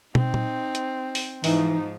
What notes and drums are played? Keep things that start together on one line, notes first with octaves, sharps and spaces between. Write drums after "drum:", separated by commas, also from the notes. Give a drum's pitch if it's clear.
C4 D#4, drum: tom
drum: tom A#2
drum: hi-hat
drum: open hi-hat
G#2 E3 F3 D#4, drum: open hi-hat